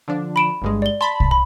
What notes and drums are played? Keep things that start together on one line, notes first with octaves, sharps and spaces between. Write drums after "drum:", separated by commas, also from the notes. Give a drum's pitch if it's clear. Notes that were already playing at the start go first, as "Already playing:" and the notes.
D3 F3 D4
B5 D7 E7
G1 G2 G#3
D5 G7
A5 B5 C6
drum: kick
B5